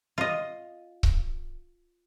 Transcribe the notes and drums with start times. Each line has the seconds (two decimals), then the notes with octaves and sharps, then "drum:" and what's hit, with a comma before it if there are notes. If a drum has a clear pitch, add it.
0.18 F4 D#5
1.03 drum: kick C#1